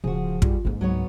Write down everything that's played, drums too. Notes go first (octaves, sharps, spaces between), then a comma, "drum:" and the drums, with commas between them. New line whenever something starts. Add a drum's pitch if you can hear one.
D1 C#3 F3 F#4 G#4
G3 F4, drum: kick
A1 G#2 D3 A#3
C#2 F#3 B3 C#5